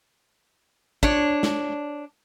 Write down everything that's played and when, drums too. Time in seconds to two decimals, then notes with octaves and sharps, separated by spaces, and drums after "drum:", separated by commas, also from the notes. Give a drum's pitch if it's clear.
1.03 D4 C#5, drum: kick
1.43 drum: snare